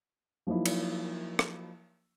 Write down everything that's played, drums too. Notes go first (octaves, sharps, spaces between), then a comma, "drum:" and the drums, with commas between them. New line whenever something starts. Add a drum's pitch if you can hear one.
F3 F#3 A#3 D#4 E4
drum: cymbal
drum: rim click